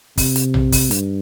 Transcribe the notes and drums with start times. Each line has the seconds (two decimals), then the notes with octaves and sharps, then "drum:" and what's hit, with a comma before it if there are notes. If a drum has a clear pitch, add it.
0.17 C3, drum: kick, open hi-hat
0.36 drum: hi-hat
0.54 drum: tom A#1
0.72 drum: kick, open hi-hat
0.91 G2, drum: hi-hat